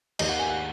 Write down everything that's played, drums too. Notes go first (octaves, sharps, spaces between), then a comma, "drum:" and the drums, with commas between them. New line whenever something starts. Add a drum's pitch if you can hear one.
D#2 D#3 D#5, drum: cymbal
F#5
G#5
F#5